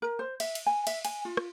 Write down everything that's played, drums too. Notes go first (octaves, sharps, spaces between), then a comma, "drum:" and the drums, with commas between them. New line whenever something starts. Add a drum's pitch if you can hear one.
A#4
C5
E5, drum: cymbal
drum: cymbal
G#5
E5, drum: cymbal
G#5, drum: cymbal
F4
drum: rim click